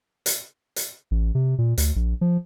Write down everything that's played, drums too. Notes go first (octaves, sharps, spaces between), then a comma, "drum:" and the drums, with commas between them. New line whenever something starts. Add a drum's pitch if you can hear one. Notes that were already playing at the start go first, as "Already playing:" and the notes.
drum: hi-hat
drum: hi-hat
A1
C3
A#2
D2, drum: hi-hat
A#1
F3